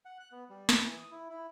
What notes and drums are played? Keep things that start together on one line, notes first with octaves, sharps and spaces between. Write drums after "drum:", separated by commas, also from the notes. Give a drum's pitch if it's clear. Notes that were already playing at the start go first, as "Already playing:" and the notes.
F#5
F#6
B3
G3
B4, drum: snare
E3
D#6
E4
E4